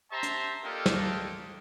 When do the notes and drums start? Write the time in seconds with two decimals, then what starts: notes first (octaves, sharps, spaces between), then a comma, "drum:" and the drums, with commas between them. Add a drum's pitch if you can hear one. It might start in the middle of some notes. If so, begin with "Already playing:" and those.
0.11 G4 C5 E5 A5 A#5 C6
0.23 drum: hi-hat
0.64 A#3 D4 F4 G4 A4 D#5
0.86 drum: snare